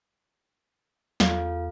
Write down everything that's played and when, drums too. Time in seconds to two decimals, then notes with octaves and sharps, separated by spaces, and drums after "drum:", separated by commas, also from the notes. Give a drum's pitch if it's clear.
1.20 E2 F4 A4 F5, drum: snare